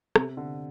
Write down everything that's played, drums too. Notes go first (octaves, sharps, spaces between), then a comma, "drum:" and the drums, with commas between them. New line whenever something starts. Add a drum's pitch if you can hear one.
C3, drum: rim click
D3